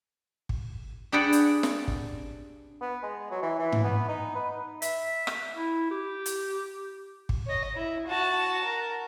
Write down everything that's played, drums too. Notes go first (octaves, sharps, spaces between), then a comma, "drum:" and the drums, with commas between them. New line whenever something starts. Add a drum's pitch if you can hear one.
drum: kick G#1
D4 G4 G#4 B4 D5 F#5
drum: hi-hat
drum: snare
drum: kick G#1
B3
G#3
F#3
E3
E3
drum: tom G#2
B3
D#4
B4
E5, drum: hi-hat
drum: rim click
E4
G4
drum: hi-hat
drum: kick G#1
C#5 D#5
E4
F#4 A5
A#4